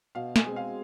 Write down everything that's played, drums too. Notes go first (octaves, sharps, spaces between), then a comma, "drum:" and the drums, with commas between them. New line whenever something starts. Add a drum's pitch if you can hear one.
B2 F5
G#5, drum: snare
G#3 C4
F5